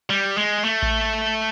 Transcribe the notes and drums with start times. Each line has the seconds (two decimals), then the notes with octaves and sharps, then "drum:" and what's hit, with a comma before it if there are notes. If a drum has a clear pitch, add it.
0.10 G3
0.38 G#3
0.64 A3
0.83 drum: kick A1